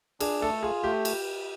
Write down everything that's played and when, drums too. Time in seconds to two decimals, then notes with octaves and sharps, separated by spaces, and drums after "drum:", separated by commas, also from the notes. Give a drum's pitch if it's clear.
0.20 D4 G#4, drum: cymbal
0.41 A3 A4
0.63 F4 G#4
0.83 A3 G4
1.05 drum: cymbal